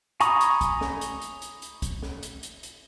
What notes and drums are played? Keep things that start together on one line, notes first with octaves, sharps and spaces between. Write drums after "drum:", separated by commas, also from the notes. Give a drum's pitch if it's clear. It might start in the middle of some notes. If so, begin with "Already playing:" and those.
G#5 A#5 B5 C#6 D#6, drum: hi-hat
drum: hi-hat
drum: kick, hi-hat
drum: snare
drum: hi-hat
drum: hi-hat
drum: hi-hat
drum: hi-hat
drum: kick, hi-hat
drum: snare
drum: hi-hat
drum: hi-hat
drum: hi-hat